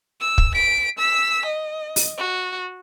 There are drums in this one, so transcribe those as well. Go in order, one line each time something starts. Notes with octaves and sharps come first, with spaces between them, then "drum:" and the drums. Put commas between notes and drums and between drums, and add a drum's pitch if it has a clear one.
E6
drum: kick
B6 D7
E6 B6
D#5
drum: open hi-hat
F#4